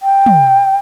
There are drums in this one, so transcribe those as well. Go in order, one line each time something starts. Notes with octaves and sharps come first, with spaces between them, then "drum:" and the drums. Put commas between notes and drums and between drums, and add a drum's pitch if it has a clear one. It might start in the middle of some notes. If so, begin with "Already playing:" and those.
G5
drum: tom